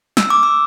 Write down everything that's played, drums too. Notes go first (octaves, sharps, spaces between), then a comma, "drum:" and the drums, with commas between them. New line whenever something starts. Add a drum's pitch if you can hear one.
E6, drum: snare
D6
E6